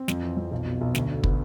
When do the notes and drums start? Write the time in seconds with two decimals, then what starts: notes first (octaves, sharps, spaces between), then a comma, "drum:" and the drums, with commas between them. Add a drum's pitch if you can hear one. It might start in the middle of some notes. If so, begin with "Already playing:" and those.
Already playing: C4
0.08 F2, drum: snare
0.22 E3
0.37 F2
0.51 B1
0.66 B2
0.81 B1
0.95 D2, drum: snare
1.10 D3
1.24 B3, drum: kick